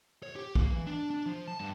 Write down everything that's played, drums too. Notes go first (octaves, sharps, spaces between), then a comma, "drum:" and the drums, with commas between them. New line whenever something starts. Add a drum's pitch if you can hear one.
C#5
G4
A#3, drum: kick B1
E3
D4
D4
F3
A5
G2